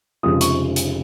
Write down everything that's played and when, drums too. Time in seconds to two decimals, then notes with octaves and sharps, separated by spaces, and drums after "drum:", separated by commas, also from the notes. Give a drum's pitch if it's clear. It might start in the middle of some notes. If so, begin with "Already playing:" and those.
0.23 F1 F2 C#3 G#3 F4 D#6
0.41 C#6, drum: hi-hat
0.76 drum: hi-hat